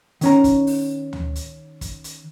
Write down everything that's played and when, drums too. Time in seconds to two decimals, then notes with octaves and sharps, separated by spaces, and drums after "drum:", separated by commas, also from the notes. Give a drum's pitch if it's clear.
0.21 D#3 C#4 A#5, drum: hi-hat
0.44 drum: kick, hi-hat
0.67 drum: open hi-hat
1.13 drum: tom D2
1.36 drum: hi-hat
1.81 drum: kick, hi-hat
2.04 drum: hi-hat